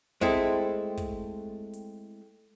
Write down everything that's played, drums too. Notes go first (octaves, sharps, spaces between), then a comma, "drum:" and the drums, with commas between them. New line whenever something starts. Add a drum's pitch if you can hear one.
G#3 A3 C4 E4 A4, drum: kick, hi-hat
drum: kick, hi-hat
drum: hi-hat